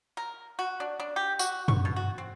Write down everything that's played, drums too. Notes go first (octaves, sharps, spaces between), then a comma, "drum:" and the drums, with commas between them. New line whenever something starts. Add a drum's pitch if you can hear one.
A#4
F#4
D4
D4
G4
F#4, drum: tambourine
C#6, drum: tom F#2
B2
F#4
C4